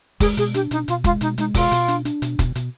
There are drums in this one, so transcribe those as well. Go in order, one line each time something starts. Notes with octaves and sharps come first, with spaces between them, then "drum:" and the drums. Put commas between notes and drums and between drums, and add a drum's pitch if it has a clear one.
G#3 G#4, drum: kick, open hi-hat
B2 G#4, drum: hi-hat
D4 G4, drum: hi-hat
B2 D#4, drum: hi-hat
B2 F4, drum: hi-hat
G#3 F4, drum: kick, hi-hat
B2 D#4, drum: hi-hat
G#3 D#4, drum: hi-hat
B2 F4, drum: kick, open hi-hat
B2, drum: hi-hat
D4, drum: hi-hat
D4, drum: hi-hat
B2, drum: hi-hat
B2, drum: kick, hi-hat
B2, drum: hi-hat